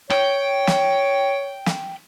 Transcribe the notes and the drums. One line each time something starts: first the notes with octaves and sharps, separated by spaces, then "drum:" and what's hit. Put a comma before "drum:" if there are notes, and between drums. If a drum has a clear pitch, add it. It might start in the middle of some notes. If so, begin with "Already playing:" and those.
C#5 G5, drum: rim click
drum: snare
drum: snare